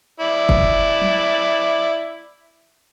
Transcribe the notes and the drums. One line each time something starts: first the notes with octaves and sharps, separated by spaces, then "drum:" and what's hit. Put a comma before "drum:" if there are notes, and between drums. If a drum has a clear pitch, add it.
E4 D5
drum: kick F1
drum: tom F#3